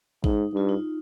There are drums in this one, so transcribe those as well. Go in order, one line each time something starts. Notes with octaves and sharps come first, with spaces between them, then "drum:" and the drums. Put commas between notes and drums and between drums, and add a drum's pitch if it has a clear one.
G#2 D#4, drum: kick A1
G2 F4
D#4